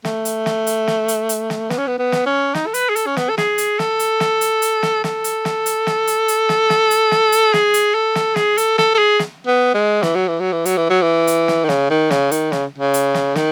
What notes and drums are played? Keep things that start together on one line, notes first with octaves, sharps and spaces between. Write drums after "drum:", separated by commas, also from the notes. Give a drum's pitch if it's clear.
A3, drum: snare
drum: hi-hat
drum: snare
drum: hi-hat
drum: snare
drum: hi-hat
drum: hi-hat
drum: snare
B3, drum: snare
C#4
B3
B3
drum: snare
C#4
D#4, drum: snare
A4
B4, drum: hi-hat
G#4
A4, drum: hi-hat
C#4
B3, drum: snare
A4
G#4, drum: snare
drum: hi-hat
A4, drum: snare
drum: hi-hat
drum: snare
drum: hi-hat
drum: hi-hat
drum: snare
A4, drum: snare
drum: hi-hat
drum: snare
drum: hi-hat
drum: snare
drum: hi-hat
drum: hi-hat
drum: snare
drum: snare
drum: hi-hat
drum: snare
drum: hi-hat
G#4, drum: snare
drum: hi-hat
A4
drum: snare
G#4, drum: snare
A4, drum: hi-hat
A4, drum: snare
A4
G#4
drum: snare
B3
G#3
E3, drum: snare
F#3
E3
F#3
E3
F#3, drum: hi-hat
E3
F#3
E3
drum: hi-hat
drum: snare
D#3
C#3, drum: snare
D#3
C#3, drum: snare
D#3, drum: hi-hat
C#3, drum: snare
C#3
drum: hi-hat
drum: snare
D#3, drum: snare